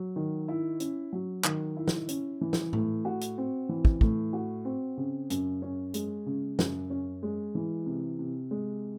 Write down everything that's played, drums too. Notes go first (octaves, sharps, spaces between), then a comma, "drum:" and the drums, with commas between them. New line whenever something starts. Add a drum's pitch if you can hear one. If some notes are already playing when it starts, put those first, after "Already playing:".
Already playing: F#3
D#3
E4
C#4, drum: hi-hat
F#3
D#3, drum: clap
E4
drum: snare
C#4, drum: hi-hat
E3
drum: snare
A2, drum: tom A2
F#4
drum: hi-hat
C4
E3
drum: kick
A2, drum: kick
F#4
C4
C#3
F#2, drum: hi-hat
C#4
G#3, drum: hi-hat
C#3
F#2, drum: snare
C#4
G#3
E3
C3
C3
G#3